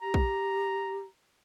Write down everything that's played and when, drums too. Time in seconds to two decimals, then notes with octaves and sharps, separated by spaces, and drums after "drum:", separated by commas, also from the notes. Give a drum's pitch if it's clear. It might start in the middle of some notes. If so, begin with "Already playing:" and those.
0.01 G4 A#5
0.14 drum: kick A#1